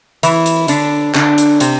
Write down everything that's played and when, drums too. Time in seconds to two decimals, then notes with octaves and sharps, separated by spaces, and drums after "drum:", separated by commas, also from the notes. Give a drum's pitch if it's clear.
0.23 E3 E4, drum: hi-hat
0.46 drum: hi-hat
0.68 D3 D4, drum: hi-hat
1.15 D3 D4, drum: clap
1.38 drum: hi-hat
1.60 C3 C4, drum: hi-hat